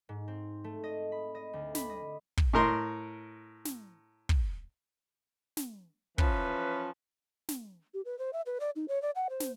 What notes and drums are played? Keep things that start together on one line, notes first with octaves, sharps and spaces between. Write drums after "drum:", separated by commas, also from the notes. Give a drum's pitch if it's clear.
G#2
C4
A3
D#5
B5
D#5
D2
B5, drum: snare
D#5
drum: kick
A2 A#4 C6
drum: snare
drum: kick
drum: snare
E3 F3 C#4 B4, drum: kick
drum: snare
G4
B4
C5
E5
B4
D5
D#4
C#5
D5
F#5
C5
drum: snare